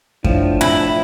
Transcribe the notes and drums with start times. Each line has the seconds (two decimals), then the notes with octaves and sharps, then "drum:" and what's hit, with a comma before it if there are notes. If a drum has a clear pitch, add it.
0.24 A2 F3 D4, drum: kick F#2
0.61 E4